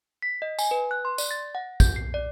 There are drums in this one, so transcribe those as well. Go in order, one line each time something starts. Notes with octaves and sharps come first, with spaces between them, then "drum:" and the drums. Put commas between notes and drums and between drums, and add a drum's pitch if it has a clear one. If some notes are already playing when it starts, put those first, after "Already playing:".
B6
D#5
G#5, drum: tambourine
B4
F#6
C6
D5, drum: tambourine
A6
F#5
G6, drum: kick, tambourine
C7
D5